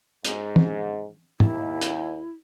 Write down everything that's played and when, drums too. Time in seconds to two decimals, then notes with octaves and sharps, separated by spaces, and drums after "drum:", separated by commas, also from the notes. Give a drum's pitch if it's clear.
0.25 G#2, drum: hi-hat
0.56 drum: tom
1.40 D#2 E4, drum: tom
1.81 drum: hi-hat